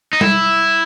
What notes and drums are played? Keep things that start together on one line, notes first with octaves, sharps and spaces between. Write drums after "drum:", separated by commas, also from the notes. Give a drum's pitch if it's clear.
D#4
E4, drum: tom G3